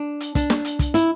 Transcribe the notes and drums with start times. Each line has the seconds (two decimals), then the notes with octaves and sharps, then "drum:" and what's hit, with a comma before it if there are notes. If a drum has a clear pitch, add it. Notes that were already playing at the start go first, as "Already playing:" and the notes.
Already playing: D4
0.20 drum: hi-hat
0.35 D4, drum: kick, hi-hat
0.50 drum: snare
0.65 drum: hi-hat
0.79 drum: kick, hi-hat
0.94 E4, drum: hi-hat